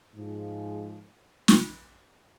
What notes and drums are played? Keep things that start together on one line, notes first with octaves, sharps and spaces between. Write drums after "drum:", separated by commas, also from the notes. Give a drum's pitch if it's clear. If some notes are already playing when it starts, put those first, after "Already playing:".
G#2 F3 G#3
drum: snare